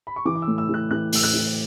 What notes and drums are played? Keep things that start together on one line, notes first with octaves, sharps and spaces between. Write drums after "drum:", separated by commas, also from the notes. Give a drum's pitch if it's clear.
B5
C#6
E3 D6
D6
A2 E6
E6
E3
F#6
E3 F#6
A2 E6, drum: open hi-hat
F#6
E3